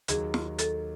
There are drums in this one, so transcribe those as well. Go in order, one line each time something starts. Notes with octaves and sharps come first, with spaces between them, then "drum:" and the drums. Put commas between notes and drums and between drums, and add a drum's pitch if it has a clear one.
D#2 D#3 F#3 G#4, drum: hi-hat
drum: snare
A4, drum: hi-hat